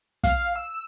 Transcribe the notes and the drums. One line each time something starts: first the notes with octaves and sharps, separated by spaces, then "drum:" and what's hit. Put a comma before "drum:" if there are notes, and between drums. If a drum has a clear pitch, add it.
F5, drum: kick, hi-hat
E6